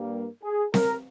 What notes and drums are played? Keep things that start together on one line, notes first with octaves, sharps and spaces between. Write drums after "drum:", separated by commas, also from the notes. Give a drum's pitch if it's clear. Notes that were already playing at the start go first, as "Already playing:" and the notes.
Already playing: G2 G3 A#3
G#4
A#4, drum: snare C4